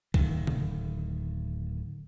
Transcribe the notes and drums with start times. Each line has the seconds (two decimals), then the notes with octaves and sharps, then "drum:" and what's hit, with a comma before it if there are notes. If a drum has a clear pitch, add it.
0.14 D1 D#3, drum: kick
0.47 drum: tom C3